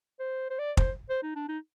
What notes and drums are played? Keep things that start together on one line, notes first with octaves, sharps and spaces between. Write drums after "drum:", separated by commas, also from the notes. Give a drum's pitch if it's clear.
C5
C5
D5
C5, drum: kick
C5
D#4
D4
D#4